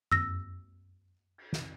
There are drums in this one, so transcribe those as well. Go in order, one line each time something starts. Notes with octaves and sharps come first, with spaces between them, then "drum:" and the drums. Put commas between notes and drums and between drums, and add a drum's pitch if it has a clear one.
E6 A#6, drum: tom F#2
drum: cymbal
drum: snare